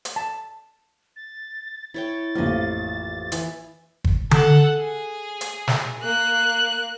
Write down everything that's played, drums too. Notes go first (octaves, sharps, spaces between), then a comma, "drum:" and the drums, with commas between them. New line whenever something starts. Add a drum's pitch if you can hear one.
drum: hi-hat
A5
A6
E4 C#5 G5 A6
A1 F2 F3 A#3 D#5
E3 E4, drum: hi-hat
drum: kick
A4 F#5, drum: tom D3
G#4
drum: hi-hat
drum: snare
A#3 F#6